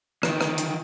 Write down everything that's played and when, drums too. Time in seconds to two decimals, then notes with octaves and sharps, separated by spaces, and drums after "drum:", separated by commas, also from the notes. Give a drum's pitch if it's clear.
0.23 D#3 E3, drum: rim click
0.41 drum: rim click
0.58 drum: hi-hat